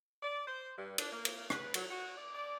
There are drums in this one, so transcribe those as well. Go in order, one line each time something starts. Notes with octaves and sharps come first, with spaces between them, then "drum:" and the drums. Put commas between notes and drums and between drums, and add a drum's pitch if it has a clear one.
D5
C5
G2
D4, drum: cymbal
A#3
drum: cymbal
B4, drum: rim click
F#3, drum: cymbal
F#4
D5
D5